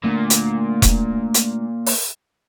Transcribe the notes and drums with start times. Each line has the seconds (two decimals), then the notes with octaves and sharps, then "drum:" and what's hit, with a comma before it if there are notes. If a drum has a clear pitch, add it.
0.04 A#2 A3 B3 D4
0.30 drum: hi-hat
0.82 drum: kick E1, hi-hat
1.34 drum: hi-hat
1.86 drum: open hi-hat